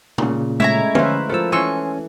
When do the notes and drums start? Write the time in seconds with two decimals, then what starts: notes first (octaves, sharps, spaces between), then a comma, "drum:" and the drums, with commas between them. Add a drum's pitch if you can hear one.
0.18 A#2 C#3, drum: tom B2
0.60 G#3 A3 C#4 E4 C#5 A#5
0.95 C#4 B4 C5 E5 F5, drum: tom
1.30 F3 A3 A#4 E6
1.52 E3 C#4 G#5 C6 C#6 E6